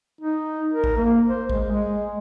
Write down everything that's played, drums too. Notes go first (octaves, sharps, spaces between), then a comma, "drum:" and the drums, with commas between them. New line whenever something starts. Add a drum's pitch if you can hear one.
D#4
A#4
drum: kick A1
A#3
C5
G#3, drum: kick A1
G#3